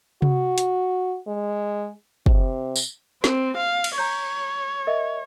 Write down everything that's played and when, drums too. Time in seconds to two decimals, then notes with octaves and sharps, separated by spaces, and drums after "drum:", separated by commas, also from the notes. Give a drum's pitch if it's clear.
0.22 F#4, drum: tom C3
0.58 drum: hi-hat
1.27 G#3
2.26 C3, drum: kick
2.76 drum: tambourine
3.24 C4, drum: snare
3.57 F5
3.84 drum: cymbal
3.98 C#5 A#5 G6
4.87 A#4 D#5 E5